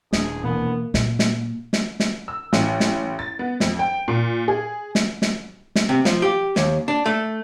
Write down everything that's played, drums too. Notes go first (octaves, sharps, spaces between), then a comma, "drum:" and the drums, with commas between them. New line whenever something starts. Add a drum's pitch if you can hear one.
D#1 D4 G#4, drum: snare
B2 E3 A#3 B3
A#2, drum: snare
drum: snare
drum: snare
drum: snare
E6
A1, drum: snare
drum: snare
A6
B3
F2, drum: snare
G5
A#2
G#4
drum: snare
drum: snare
drum: snare
C3
F3, drum: snare
G4
D#2, drum: snare
D4
A3